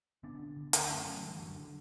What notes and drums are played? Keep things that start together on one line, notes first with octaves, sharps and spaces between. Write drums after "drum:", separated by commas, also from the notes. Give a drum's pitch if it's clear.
D3 B3 D4
D3
D3
D2, drum: hi-hat
F#2 A3 C#4
D3 F#3 A3
F#1 E3 G3
F#1 D3 F#3
D3